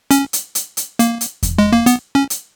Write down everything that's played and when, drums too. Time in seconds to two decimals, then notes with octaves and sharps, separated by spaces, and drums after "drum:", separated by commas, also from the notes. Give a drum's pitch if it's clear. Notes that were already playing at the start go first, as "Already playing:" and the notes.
0.11 C#4, drum: hi-hat
0.33 drum: hi-hat
0.55 drum: hi-hat
0.77 drum: hi-hat
0.99 A#3, drum: hi-hat
1.21 drum: hi-hat
1.43 drum: kick E2, hi-hat
1.58 G#3
1.72 A#3
1.86 B3, drum: hi-hat
2.15 C#4
2.30 drum: hi-hat